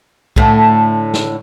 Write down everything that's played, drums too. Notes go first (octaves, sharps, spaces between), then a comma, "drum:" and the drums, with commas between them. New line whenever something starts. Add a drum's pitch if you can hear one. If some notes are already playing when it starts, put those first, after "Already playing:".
A2 D3 A3, drum: kick C2
drum: snare